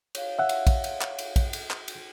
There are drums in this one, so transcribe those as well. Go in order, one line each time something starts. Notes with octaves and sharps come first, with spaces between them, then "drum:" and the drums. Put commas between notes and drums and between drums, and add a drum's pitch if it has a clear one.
C#5 F5, drum: cymbal
E5 F#5
drum: cymbal
drum: kick, cymbal
drum: cymbal
drum: clap
drum: cymbal
drum: kick, cymbal
drum: cymbal
drum: clap
drum: cymbal